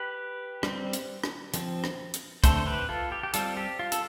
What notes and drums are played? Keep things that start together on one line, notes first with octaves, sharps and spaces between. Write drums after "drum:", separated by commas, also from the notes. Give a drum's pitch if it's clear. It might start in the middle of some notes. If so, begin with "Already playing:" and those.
Already playing: G4 B4
G3 C4, drum: rim click
drum: hi-hat
drum: rim click
F3 C4, drum: hi-hat
drum: rim click
drum: hi-hat
D3 A3 C4 A4 C5, drum: kick, hi-hat
C5
G4 B4
F4 A4
G4
G4
G3 C4 F4 A4, drum: hi-hat
G4
F4
A4, drum: hi-hat